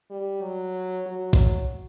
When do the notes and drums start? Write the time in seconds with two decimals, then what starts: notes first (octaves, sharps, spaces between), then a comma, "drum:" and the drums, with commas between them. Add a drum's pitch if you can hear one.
0.10 G3
0.42 F#3
1.07 F#3
1.33 drum: kick